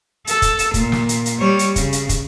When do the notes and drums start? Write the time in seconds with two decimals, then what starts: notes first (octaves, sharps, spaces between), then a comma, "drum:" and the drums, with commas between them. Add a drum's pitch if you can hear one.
0.27 A4, drum: hi-hat
0.42 drum: kick, hi-hat
0.59 drum: hi-hat
0.74 A#2, drum: kick, hi-hat
0.92 drum: snare
1.09 drum: hi-hat
1.26 drum: hi-hat
1.39 G3 C#5
1.59 drum: hi-hat
1.76 C#3, drum: kick, hi-hat
1.92 drum: hi-hat
2.09 drum: kick, hi-hat